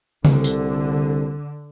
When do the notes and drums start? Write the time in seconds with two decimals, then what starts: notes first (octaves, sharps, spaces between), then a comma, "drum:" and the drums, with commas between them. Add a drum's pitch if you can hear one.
0.25 C2 D3, drum: tom C#3
0.44 drum: tambourine